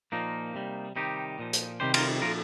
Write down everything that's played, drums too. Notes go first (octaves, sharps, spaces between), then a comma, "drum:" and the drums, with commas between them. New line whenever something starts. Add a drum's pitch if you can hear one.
A#2 F3 A#3 D#4
C3 G3
C3 D#3 G3 D#4 G4
A#2 F3
drum: hi-hat
C3 D#3 G3 G4 C5
F4 A#4, drum: cymbal
A#2 F3 F4 A#4